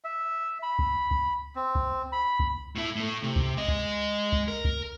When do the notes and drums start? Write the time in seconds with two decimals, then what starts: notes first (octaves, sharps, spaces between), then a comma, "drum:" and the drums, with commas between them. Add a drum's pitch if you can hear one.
0.04 E5
0.63 B5
0.79 drum: kick
1.11 drum: kick
1.55 C4
1.75 drum: kick
2.12 B5
2.40 drum: kick
2.76 A2 E4
2.96 A2 A3
3.23 C3
3.36 drum: kick
3.57 G#3 D#5
3.68 drum: kick
4.32 drum: kick
4.48 A#4
4.65 drum: kick